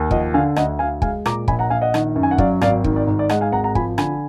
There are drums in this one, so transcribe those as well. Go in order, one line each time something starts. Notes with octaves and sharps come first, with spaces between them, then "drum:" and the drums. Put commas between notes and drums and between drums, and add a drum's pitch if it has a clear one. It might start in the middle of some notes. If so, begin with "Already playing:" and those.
Already playing: D#2
F3 D#5 F#5, drum: kick
D3 F5 G#5
D2 D#5 F#5, drum: rim click
D2 F5 G#5
G#3 F5 G#5, drum: kick
A#2 A#5 D6, drum: rim click
A#1 G#5 B5, drum: kick
F#5 A#5
A#1 F5 G#5
D#5 F#5
D#3, drum: rim click
F#2
G#5
F#5
F#3 D5 F5, drum: kick
G#1 D5 F5, drum: rim click
D#3, drum: kick
D5
G#2
D5
G#3 D#5 F#5, drum: rim click
F5 G#5
G#1 F#5 A#5
F#5 A#5
F3 G#5 B5, drum: kick
D3 G#5 B5, drum: rim click